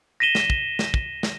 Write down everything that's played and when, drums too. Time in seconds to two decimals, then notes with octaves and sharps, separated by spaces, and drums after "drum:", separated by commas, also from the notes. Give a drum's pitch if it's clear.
0.20 A#6 B6 D#7 E7 G7
0.35 drum: snare
0.50 drum: kick
0.79 drum: snare
0.94 drum: kick
1.23 drum: snare